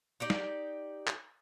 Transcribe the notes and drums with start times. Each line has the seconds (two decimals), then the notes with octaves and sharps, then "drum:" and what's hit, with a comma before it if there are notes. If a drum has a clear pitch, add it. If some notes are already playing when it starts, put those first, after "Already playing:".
0.20 D#4 G4 D5
0.30 drum: snare
1.07 drum: clap